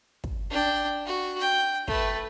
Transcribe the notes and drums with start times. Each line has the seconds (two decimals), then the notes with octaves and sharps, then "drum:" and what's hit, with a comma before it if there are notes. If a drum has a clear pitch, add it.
0.24 drum: kick
0.51 D4 G5
1.06 F#4
1.39 G5
1.88 A3 B4, drum: kick